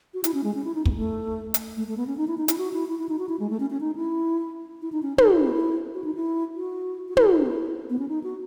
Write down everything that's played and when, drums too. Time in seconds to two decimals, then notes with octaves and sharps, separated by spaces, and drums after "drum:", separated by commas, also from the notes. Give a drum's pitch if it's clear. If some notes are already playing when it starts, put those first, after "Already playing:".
0.14 F#4
0.24 E4, drum: hi-hat
0.34 C#4
0.44 G#3
0.55 C#4
0.65 E4
0.75 D#4
0.85 B3, drum: kick
0.91 G#3
0.95 A3
1.54 drum: hi-hat
1.77 A3
1.87 A3
1.97 B3
2.07 C#4
2.17 D#4
2.28 E4
2.38 D#4
2.48 E4, drum: hi-hat
2.58 F#4
2.74 E4
2.88 E4
2.99 E4
3.09 D#4
3.19 F#4
3.29 E4
3.40 G#3
3.50 A3
3.60 C#4
3.70 C#4
3.81 D#4
3.96 E4
4.82 E4
4.92 D#4
5.03 C#4
5.18 D#4, drum: tom
5.33 E4
5.94 F#4
6.04 D#4
6.15 E4
6.56 F#4
7.08 F#4
7.17 E4, drum: tom
7.32 E4
7.39 D#4
7.47 E4
7.90 B3
7.99 C#4
8.09 D#4
8.24 F#4